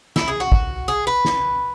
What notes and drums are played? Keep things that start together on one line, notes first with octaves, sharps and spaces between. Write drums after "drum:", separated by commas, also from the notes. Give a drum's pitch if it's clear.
E4, drum: snare
G#4
F#4
drum: kick
G#4
B4
drum: snare